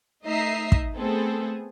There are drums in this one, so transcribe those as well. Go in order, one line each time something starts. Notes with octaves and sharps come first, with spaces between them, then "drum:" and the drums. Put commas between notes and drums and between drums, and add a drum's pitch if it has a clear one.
A3 D#4 D#5 E5 A#5 C7
drum: kick
A3 B3 C4 G#4 A4